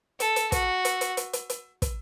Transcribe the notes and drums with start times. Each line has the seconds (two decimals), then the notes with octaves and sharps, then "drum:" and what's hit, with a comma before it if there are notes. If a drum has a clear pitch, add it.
0.20 A4, drum: hi-hat
0.36 drum: hi-hat
0.52 F#4, drum: kick, hi-hat
0.85 drum: hi-hat
1.01 drum: hi-hat
1.17 drum: hi-hat
1.33 drum: hi-hat
1.50 drum: hi-hat
1.82 drum: kick, hi-hat